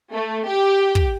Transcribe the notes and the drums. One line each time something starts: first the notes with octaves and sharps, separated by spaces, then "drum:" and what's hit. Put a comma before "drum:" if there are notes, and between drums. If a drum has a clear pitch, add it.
A3
G4
drum: kick